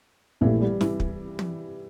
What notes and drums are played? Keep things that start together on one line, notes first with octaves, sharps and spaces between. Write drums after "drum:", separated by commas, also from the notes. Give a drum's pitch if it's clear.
A#1 A#2 E3 A3 E4 G4
G3
E3, drum: snare
drum: kick
drum: tom